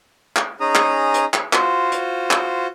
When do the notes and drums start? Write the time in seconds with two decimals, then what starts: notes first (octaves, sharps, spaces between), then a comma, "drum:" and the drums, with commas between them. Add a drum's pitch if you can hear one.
0.36 drum: clap
0.60 C#4 D#4 G#4 A#5 D#6
0.75 drum: clap
1.14 drum: hi-hat
1.34 drum: clap
1.53 F4 F#4 C5, drum: clap
1.92 drum: hi-hat
2.31 drum: clap